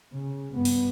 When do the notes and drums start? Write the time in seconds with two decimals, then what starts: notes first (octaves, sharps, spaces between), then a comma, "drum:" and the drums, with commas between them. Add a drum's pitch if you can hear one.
0.13 C#3
0.54 G2 B3
0.65 drum: open hi-hat